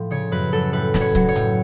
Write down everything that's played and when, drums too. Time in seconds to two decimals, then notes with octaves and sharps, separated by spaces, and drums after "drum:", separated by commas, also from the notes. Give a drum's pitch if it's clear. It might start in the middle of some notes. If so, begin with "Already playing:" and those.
Already playing: A2 F3
0.11 C#3 C#5
0.32 F#2 B4
0.52 F#2 A4
0.73 A2 B4
0.94 F#3, drum: snare
1.01 C#5
1.15 F#3, drum: kick C#1
1.29 C#5
1.36 A2, drum: hi-hat